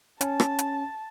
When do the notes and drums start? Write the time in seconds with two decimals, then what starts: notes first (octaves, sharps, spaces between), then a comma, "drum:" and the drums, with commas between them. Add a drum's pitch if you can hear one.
0.21 C#4 A5, drum: hi-hat
0.40 drum: rim click
0.59 drum: hi-hat